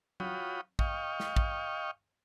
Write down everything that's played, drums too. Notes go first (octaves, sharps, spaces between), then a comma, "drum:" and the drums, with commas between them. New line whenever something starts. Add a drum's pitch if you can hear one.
F4 F#4 C#5 G5 B5 D#6, drum: tom F#3
D#5 F5 G5 C#6, drum: kick
drum: snare
drum: kick